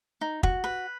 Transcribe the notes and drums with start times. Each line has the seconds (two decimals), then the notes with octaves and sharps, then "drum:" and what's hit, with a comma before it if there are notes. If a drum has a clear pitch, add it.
0.21 D#4
0.43 F#4, drum: kick
0.64 B4